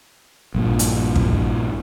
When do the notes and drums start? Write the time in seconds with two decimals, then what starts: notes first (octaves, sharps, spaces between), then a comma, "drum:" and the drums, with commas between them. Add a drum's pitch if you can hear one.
0.55 A#1 G2 A#2
0.79 drum: hi-hat
1.16 drum: kick